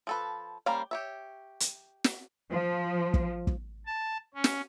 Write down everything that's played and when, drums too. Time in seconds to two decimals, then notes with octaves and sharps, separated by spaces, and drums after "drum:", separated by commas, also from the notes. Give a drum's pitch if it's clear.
0.07 F3 A4 B4
0.66 G3 A#3 C#4 C5 F5
0.91 G4 C#5 E5
1.60 drum: hi-hat
2.04 drum: snare
2.51 F3
3.14 drum: kick
3.47 drum: kick
3.86 A5
4.35 C#4
4.44 drum: snare